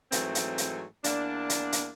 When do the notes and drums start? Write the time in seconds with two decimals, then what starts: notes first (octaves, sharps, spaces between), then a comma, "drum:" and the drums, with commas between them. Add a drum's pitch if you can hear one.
0.12 G#2 E3 F#3 A3 C4, drum: hi-hat
0.35 drum: hi-hat
0.58 drum: hi-hat
1.04 E2 A#3 D4, drum: hi-hat
1.50 drum: hi-hat
1.72 drum: hi-hat